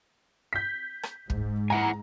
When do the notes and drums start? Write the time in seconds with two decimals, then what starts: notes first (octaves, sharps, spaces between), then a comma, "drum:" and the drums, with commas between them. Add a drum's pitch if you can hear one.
0.53 G6 B6
1.03 drum: rim click
1.30 G#2, drum: kick
1.70 E4 F#5 G#5 A#5